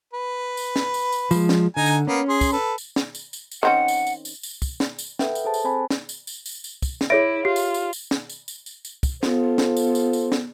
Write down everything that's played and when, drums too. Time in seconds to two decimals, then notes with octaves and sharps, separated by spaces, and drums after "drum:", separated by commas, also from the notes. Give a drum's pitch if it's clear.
0.13 B4
0.57 drum: tambourine
0.76 drum: snare
0.94 drum: tambourine
1.12 drum: tambourine
1.31 F3 G#3, drum: tambourine
1.49 drum: snare
1.77 D3 D#4 G#5 A#5
1.86 drum: tambourine
2.07 A#3 B3 C#4
2.28 G#4 C6
2.41 drum: kick, tambourine
2.52 A4 B4
2.78 drum: tambourine
2.96 drum: snare
3.15 drum: tambourine
3.33 drum: tambourine
3.51 drum: tambourine
3.63 D#3 C4 C#4 F#5
3.88 drum: tambourine
4.07 drum: tambourine
4.25 drum: tambourine
4.43 drum: tambourine
4.62 drum: kick, tambourine
4.80 drum: snare
4.99 drum: tambourine
5.19 A4 B4 E5 F#5 G5, drum: snare
5.35 drum: tambourine
5.44 G#4 A4 C5 A5
5.54 drum: tambourine
5.64 C4 C5 G#5 A5 B5
5.90 drum: snare
6.09 drum: tambourine
6.27 drum: tambourine
6.46 drum: tambourine
6.64 drum: tambourine
6.82 drum: kick, tambourine
7.01 drum: snare
7.10 E4 G#4 C#5 E5 D7
7.45 F4 G4
7.56 drum: tambourine
7.74 drum: tambourine
7.93 drum: tambourine
8.11 drum: snare
8.29 drum: tambourine
8.48 drum: tambourine
8.66 drum: tambourine
8.85 drum: tambourine
9.03 drum: kick, tambourine
9.23 B3 F4 A4 C5, drum: snare
9.58 drum: snare
9.77 drum: tambourine
9.95 drum: tambourine
10.13 drum: tambourine
10.32 drum: snare